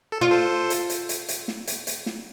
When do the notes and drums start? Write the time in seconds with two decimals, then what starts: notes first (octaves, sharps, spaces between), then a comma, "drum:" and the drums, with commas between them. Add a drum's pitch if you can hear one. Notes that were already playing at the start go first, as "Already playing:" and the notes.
0.12 A4
0.21 F4
0.31 A4 C5
0.70 drum: hi-hat
0.90 drum: hi-hat
1.09 drum: hi-hat
1.29 drum: hi-hat
1.48 drum: snare
1.67 drum: hi-hat
1.87 drum: hi-hat
2.06 drum: snare